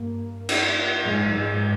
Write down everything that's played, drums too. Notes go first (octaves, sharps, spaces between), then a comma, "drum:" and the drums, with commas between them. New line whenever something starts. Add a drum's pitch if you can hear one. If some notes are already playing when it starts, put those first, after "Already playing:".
Already playing: G2 A#3
drum: cymbal
G#2 G#3
G#3